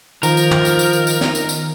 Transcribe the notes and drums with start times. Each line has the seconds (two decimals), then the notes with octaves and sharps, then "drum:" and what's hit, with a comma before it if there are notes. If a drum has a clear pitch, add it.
0.23 D#3 F3 A#4, drum: tambourine
0.37 drum: tambourine
0.51 drum: tom
0.65 drum: tambourine
0.79 drum: tambourine
0.93 drum: tambourine
1.07 drum: tambourine
1.21 drum: snare
1.35 drum: tambourine
1.49 drum: tambourine